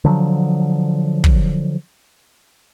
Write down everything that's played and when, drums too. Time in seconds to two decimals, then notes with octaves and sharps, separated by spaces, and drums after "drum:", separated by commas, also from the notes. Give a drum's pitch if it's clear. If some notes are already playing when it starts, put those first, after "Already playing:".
0.04 D3 F3 F#3
1.24 drum: kick